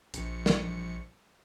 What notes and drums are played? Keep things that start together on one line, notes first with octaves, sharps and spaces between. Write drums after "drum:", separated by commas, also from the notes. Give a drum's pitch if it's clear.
A#1 C#7, drum: hi-hat
drum: snare